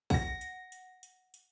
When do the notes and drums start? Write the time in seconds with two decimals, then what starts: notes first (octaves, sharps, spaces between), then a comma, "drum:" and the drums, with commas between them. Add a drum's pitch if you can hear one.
0.10 F#5 A#6, drum: kick, open hi-hat
0.41 drum: hi-hat
0.72 drum: hi-hat
1.03 drum: hi-hat
1.34 drum: hi-hat